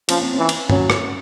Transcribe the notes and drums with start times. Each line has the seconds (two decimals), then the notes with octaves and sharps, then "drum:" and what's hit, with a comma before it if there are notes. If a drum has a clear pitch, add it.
0.09 F3 C#4, drum: cymbal
0.21 C4
0.34 E3 C#4
0.49 drum: cymbal
0.70 F#3 C#4, drum: tom G2
0.90 drum: rim click